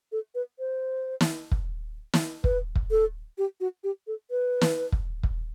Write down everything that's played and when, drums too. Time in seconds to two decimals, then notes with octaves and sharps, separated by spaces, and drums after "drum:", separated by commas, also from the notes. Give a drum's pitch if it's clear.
0.12 A4
0.35 B4
0.59 C5
1.21 drum: snare
1.52 drum: kick
2.14 drum: snare
2.44 B4, drum: kick
2.75 drum: kick
2.91 A4
3.38 G4
3.60 F#4
3.84 G4
4.07 A4
4.31 B4
4.61 drum: snare
4.92 drum: kick
5.23 drum: kick